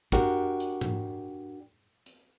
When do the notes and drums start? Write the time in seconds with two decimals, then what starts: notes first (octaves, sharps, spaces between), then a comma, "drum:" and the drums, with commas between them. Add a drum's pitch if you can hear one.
0.12 D4 F#4 G4 A#4, drum: kick
0.60 drum: hi-hat
0.81 drum: tom G#2
2.06 drum: hi-hat